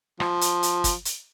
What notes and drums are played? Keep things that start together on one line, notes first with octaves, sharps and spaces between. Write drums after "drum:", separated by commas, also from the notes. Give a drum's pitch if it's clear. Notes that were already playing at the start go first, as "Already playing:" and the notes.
F3, drum: rim click
drum: hi-hat
drum: hi-hat
drum: kick, hi-hat
drum: hi-hat